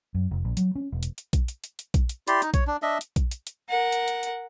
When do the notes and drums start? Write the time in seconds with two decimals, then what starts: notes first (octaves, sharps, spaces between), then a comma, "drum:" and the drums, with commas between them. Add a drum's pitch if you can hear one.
0.14 F#2
0.31 F1
0.45 A#1
0.57 F#3, drum: hi-hat
0.75 C#4
0.92 E1
1.03 drum: hi-hat
1.18 drum: hi-hat
1.33 drum: kick A#1, hi-hat
1.48 drum: hi-hat
1.64 drum: hi-hat
1.79 drum: hi-hat
1.94 drum: kick A#1, hi-hat
2.09 drum: hi-hat
2.28 E4 G4 D5 C6, drum: hi-hat
2.42 D#4, drum: hi-hat
2.54 C#5, drum: kick A#1, hi-hat
2.67 D4
2.82 D4 D#5 E5
3.01 drum: hi-hat
3.16 drum: kick A#1, hi-hat
3.31 drum: hi-hat
3.47 drum: hi-hat
3.69 A#4 F#5
3.92 drum: hi-hat
4.08 drum: hi-hat
4.23 drum: hi-hat